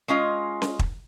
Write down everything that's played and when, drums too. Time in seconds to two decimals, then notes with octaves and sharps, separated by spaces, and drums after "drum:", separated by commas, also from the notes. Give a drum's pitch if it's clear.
0.08 G#3 C#4 F4 D#5
0.62 drum: snare C#4
0.79 drum: kick